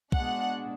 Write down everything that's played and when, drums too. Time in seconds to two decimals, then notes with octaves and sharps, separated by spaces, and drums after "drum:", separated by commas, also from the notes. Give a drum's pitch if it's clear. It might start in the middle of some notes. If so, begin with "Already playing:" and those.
0.12 B2 G#3 D4 F#5, drum: kick